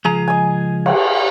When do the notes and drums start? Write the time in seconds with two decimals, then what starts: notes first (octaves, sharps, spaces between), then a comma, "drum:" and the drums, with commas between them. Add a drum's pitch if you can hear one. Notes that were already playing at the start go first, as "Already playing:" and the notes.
0.05 C#2 F3 G#4 A#5
0.28 D#5 G#5
0.86 drum: cymbal